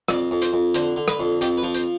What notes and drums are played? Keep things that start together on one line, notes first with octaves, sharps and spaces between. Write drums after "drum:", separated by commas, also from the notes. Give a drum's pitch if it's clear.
F2 D5, drum: rim click
F2
C5, drum: hi-hat
F2
D3 C5, drum: hi-hat
D3
B4, drum: rim click
F2
F2 G4, drum: hi-hat
B4
F3
C5, drum: hi-hat